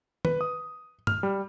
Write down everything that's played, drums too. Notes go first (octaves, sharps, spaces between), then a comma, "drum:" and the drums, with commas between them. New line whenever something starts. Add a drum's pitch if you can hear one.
B4, drum: tom
D#6
F6, drum: tom
G3